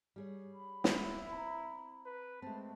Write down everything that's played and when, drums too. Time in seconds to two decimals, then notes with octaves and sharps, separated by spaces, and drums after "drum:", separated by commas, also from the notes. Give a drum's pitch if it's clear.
0.16 G3 G#4 C#5
0.54 B5
0.84 E4, drum: snare
1.32 C4 A#5
2.06 B4
2.42 G#3 A3 C4 A5